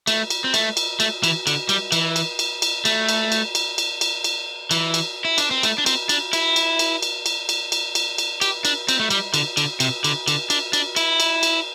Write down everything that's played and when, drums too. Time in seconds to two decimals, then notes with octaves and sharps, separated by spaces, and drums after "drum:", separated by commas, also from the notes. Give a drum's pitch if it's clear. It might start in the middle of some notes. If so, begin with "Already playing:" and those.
0.07 A3, drum: cymbal
0.30 drum: cymbal
0.44 C4
0.54 A3, drum: cymbal
0.77 drum: cymbal
1.00 A3, drum: cymbal
1.24 E3, drum: cymbal
1.47 D3, drum: cymbal
1.69 G3, drum: cymbal
1.92 E3, drum: cymbal
2.16 drum: cymbal
2.39 drum: cymbal
2.62 drum: cymbal
2.85 A3, drum: cymbal
3.09 drum: cymbal
3.32 drum: cymbal
3.55 drum: cymbal
3.78 drum: cymbal
4.01 drum: cymbal
4.24 drum: cymbal
4.71 E3, drum: cymbal
4.94 drum: cymbal
5.25 E4
5.38 D4, drum: cymbal
5.51 C4
5.63 A3, drum: cymbal
5.78 D4
5.86 C4, drum: cymbal
6.09 D4, drum: cymbal
6.33 E4, drum: cymbal
6.56 drum: cymbal
6.79 drum: cymbal
7.03 drum: cymbal
7.26 drum: cymbal
7.49 drum: cymbal
7.72 drum: cymbal
7.95 drum: cymbal
8.18 drum: cymbal
8.41 G4, drum: cymbal
8.65 D4, drum: cymbal
8.89 C4, drum: cymbal
8.99 A3
9.10 G3, drum: cymbal
9.34 D3, drum: cymbal
9.57 D3, drum: cymbal
9.80 C3, drum: cymbal
10.04 D3, drum: cymbal
10.28 D3, drum: cymbal
10.50 D4, drum: cymbal
10.73 D4, drum: cymbal
10.96 E4, drum: cymbal
11.20 drum: cymbal
11.43 drum: cymbal